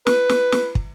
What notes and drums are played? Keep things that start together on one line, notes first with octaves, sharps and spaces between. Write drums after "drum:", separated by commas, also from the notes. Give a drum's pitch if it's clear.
B4, drum: snare
drum: snare
drum: snare
drum: kick